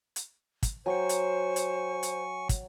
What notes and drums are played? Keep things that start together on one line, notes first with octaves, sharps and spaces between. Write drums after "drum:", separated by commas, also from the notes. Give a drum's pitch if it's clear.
drum: hi-hat
drum: kick, hi-hat
F#3 C5 G5 G#5 C#6 C#7
drum: hi-hat
drum: hi-hat
drum: hi-hat
drum: kick, hi-hat